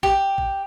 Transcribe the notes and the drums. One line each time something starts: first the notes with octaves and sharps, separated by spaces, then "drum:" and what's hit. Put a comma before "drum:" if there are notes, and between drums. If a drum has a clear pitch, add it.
G4, drum: kick A1
drum: kick A1